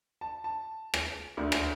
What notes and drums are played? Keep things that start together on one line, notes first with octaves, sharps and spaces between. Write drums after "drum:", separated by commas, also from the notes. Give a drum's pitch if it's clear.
A5
A5
drum: rim click
D2 D3 A3
drum: rim click